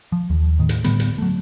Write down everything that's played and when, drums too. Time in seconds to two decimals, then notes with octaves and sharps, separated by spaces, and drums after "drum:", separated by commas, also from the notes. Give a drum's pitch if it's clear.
0.12 F3
0.30 D#2
0.59 A2 D#3
0.69 drum: hi-hat
0.84 A2 D3 G3 B3, drum: hi-hat
1.00 drum: hi-hat
1.18 F#3 A3